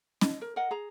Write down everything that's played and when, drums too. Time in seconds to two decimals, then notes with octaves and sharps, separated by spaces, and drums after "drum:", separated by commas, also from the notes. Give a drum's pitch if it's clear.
0.21 D#5, drum: snare C#4
0.41 A#4
0.56 A#4 D#5 F#5
0.71 G#4 A#5